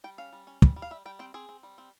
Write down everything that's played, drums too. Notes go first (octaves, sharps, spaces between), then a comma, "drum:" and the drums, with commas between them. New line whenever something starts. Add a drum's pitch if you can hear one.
G3 G5
C#4 F5
G3
C#4
G3, drum: kick
G3
F5
G3 E5
G3 G5
C4 G5
C4 G#4
C4
G3
C4